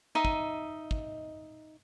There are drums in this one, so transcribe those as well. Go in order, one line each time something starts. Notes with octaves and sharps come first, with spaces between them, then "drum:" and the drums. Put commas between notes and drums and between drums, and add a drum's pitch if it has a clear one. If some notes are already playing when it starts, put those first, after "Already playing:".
D#4 D#5 E5
drum: kick
drum: kick